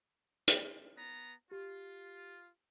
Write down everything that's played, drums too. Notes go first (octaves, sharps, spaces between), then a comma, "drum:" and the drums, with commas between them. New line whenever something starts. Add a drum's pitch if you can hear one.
drum: hi-hat
B3 A#5
F4 G4